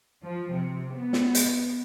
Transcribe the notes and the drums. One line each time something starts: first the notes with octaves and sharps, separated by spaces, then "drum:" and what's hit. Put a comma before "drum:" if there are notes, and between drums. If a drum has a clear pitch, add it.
F3
C3
B3
drum: snare
drum: hi-hat